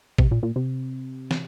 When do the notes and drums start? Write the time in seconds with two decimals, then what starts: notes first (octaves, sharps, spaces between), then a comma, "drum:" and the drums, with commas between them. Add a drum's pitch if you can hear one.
0.18 C3, drum: kick A1
0.31 A#2
0.43 A#2
0.56 C3
1.31 drum: snare